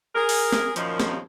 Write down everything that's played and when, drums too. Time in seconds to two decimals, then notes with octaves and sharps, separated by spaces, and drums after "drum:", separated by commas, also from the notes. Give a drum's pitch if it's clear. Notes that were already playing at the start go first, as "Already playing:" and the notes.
0.15 G#4 A#4
0.29 drum: open hi-hat
0.52 drum: snare
0.76 F#2 A#2 D#3 F3, drum: hi-hat
1.00 drum: snare